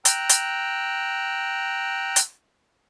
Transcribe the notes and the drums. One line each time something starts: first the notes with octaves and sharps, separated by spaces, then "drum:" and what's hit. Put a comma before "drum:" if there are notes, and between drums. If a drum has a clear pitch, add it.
G5 A#5 E6 F#6, drum: hi-hat
drum: hi-hat
drum: hi-hat